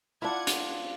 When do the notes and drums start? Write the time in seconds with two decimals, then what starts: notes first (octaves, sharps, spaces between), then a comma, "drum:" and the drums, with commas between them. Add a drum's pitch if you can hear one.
0.22 D4 E4 F4 D5 F#5 G#6
0.47 drum: hi-hat